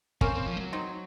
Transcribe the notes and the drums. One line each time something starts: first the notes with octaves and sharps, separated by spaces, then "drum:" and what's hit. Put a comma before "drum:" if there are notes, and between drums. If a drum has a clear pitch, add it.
A#3 C4 C#4, drum: kick
C4
F3
G#3
F#3
C4 D#4